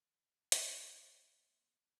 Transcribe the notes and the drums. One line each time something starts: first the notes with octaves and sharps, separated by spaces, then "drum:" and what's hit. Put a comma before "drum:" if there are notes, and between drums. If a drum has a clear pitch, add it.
drum: hi-hat
D#3
A#3 C4 F#5 C6